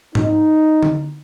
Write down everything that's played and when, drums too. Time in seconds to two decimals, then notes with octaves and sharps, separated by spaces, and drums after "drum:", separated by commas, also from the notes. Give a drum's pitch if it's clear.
0.15 D#4, drum: tom G#2
0.83 drum: tom D3